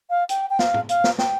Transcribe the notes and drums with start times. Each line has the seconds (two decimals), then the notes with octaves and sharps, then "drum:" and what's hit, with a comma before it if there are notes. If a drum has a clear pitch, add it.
0.09 F5
0.29 G5, drum: hi-hat
0.50 G5
0.59 F5, drum: snare
0.74 drum: tom A2
0.89 F5, drum: hi-hat
1.04 drum: snare
1.18 G5, drum: snare